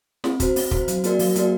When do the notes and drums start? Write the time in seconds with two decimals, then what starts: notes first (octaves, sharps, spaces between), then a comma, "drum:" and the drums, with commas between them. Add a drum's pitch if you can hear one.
0.24 C4, drum: snare
0.40 F#4 C5, drum: kick, hi-hat
0.56 C4, drum: open hi-hat
0.71 F#4 C5, drum: kick
0.88 F#3, drum: hi-hat
1.04 A#3 F#4 A#4 D5, drum: hi-hat
1.19 F#3, drum: open hi-hat
1.35 A#3 F#4 A#4 D5, drum: hi-hat